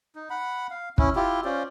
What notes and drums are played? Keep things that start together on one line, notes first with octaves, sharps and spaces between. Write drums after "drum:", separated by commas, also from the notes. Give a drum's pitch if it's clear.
D#4
F#5 B5
F5
C#4 E4, drum: kick
E4 F4 G4
C#4 F4 C5 D5